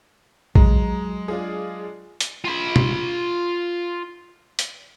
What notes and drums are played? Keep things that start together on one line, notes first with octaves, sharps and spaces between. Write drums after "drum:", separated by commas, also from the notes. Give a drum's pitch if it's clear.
F#3 G#3 A#5, drum: kick A#1
D4 F4 G#4
drum: hi-hat
F4 B5
drum: tom
drum: hi-hat